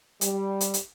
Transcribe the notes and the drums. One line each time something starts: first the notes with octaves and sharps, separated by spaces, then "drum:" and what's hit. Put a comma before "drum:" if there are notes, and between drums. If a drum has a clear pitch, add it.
G3, drum: hi-hat
drum: hi-hat
drum: hi-hat